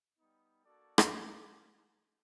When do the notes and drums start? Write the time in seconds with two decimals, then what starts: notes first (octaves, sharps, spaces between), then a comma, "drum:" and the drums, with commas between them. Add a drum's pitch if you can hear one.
0.17 G3 B3 D#4
0.65 A#3 D4 F#4 A4 D5
0.98 drum: rim click
1.11 F4 G#4 B4 D#5